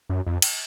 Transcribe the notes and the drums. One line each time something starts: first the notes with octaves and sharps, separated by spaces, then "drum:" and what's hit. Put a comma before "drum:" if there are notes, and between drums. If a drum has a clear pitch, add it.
F#2
F2
drum: cymbal